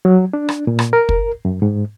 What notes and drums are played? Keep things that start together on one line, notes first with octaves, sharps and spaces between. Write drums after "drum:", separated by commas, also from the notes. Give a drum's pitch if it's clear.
F#3
D4
drum: rim click
A#2
drum: rim click
A#4
drum: kick
F#2
G#2